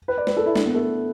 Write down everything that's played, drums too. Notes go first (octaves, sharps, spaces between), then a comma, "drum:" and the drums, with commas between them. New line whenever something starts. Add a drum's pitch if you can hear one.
B4
D5
B4, drum: snare
A4
E4
D4, drum: snare
B3
A3